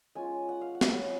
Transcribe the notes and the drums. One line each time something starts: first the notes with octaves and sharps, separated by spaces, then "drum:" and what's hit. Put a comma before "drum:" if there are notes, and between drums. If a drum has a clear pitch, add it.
G#3 C#4 F4 G#5
F#5
F5
F#5
F#3 B3 F4, drum: snare